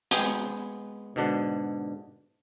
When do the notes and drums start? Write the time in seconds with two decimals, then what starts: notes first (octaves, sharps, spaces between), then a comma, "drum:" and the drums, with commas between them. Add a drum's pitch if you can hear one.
0.11 G#3 B3 G#4 G5, drum: hi-hat
1.16 G#2 B2 D3 D4